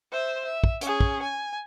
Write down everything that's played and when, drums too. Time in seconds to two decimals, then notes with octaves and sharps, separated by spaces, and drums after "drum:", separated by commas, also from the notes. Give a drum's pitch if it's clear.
0.12 C5 E5
0.45 E5
0.64 drum: kick
0.81 C#4 G#4, drum: hi-hat
1.00 drum: kick
1.23 G#5